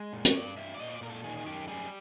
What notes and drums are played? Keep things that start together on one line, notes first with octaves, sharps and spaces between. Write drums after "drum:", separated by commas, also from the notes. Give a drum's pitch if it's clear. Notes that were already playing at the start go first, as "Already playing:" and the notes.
Already playing: G#3
A#2
C#5, drum: hi-hat
G2 D5
G2 E5
D5
A#2 D#5
C#5
D5
A#2 A#4
A4
D#3 G#4
G#4
F#2 G4
G3 G#4